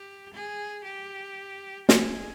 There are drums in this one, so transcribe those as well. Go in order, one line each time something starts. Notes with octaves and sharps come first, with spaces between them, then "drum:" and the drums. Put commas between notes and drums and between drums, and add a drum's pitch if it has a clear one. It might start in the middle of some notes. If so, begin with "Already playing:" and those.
Already playing: G4
G#4
G4
G#4, drum: snare